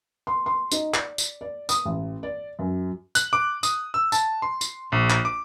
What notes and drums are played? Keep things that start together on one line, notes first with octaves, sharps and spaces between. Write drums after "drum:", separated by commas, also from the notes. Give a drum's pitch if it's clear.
C6
C6
D#4, drum: tambourine
D5, drum: clap
drum: tambourine
D5
D#6, drum: tambourine
A1
D5
F#2
F#6, drum: tambourine
D6
D#6, drum: tambourine
E6
A5, drum: tambourine
C6
drum: tambourine
A#1
drum: clap
D6